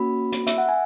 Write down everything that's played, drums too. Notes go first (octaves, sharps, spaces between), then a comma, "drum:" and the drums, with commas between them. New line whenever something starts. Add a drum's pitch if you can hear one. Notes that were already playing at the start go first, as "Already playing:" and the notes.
Already playing: A#3 C#4 F#4 B5
drum: hi-hat
E5, drum: hi-hat
F#5
G#5